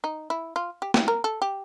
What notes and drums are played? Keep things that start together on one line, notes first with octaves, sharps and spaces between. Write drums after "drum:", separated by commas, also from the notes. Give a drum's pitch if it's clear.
D#4
E4
F4
G4
G4, drum: snare
A#4
A4
G4